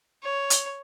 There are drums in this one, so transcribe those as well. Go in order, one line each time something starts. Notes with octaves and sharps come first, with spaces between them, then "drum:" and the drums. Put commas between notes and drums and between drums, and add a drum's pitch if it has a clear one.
C#5
drum: hi-hat